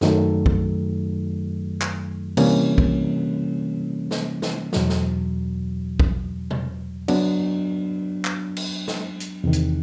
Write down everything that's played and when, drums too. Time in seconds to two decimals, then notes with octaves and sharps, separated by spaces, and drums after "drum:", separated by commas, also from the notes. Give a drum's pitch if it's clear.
0.01 F#2 D#3 F#3 A3, drum: snare
0.46 drum: kick
1.81 drum: clap
2.37 C3 E3 G3 A#3 C#4, drum: cymbal
2.78 drum: kick
4.11 drum: snare
4.42 drum: snare
4.73 E2 B2 F#3, drum: snare
4.90 drum: snare
6.00 drum: kick
6.51 drum: tom B2
7.08 F#3 B3 D4, drum: cymbal
8.25 drum: clap
8.57 drum: cymbal
8.88 drum: snare
9.20 drum: hi-hat
9.44 E2 C3 D#3
9.53 drum: hi-hat